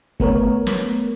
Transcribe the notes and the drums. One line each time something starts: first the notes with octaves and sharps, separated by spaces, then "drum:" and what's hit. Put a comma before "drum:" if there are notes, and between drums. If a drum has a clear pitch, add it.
A3 B3 A#4 C#5, drum: kick
drum: snare